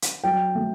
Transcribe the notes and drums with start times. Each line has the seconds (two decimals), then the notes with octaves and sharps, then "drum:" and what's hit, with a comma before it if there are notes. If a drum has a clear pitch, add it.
0.02 drum: hi-hat
0.24 F#3 G5
0.55 A3